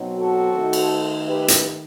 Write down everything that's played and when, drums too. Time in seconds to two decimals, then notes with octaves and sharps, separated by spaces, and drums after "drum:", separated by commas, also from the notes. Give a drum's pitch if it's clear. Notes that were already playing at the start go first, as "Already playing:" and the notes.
Already playing: B2 F#3 C4 D#4
0.19 F#4 A4
0.54 D#3 A3 D#4
0.73 drum: cymbal
1.27 G4 B4
1.48 drum: hi-hat